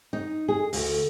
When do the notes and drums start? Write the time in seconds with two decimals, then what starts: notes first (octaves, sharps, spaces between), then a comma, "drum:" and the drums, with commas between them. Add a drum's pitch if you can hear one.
0.13 D#4
0.48 G#4
0.73 D2, drum: open hi-hat